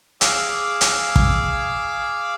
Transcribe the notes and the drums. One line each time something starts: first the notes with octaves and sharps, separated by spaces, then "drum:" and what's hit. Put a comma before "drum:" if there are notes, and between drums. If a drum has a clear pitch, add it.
G#4 F5 D6 E6, drum: hi-hat
drum: hi-hat
drum: kick